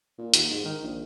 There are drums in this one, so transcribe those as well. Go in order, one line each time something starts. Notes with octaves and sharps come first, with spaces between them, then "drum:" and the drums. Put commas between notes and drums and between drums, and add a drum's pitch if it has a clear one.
A#2
D#2, drum: hi-hat
G#2
D#3
A#1